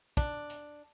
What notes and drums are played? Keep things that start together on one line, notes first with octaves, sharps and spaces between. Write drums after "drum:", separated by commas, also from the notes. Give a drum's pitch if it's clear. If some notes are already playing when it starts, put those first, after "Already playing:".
D4, drum: kick, hi-hat
drum: hi-hat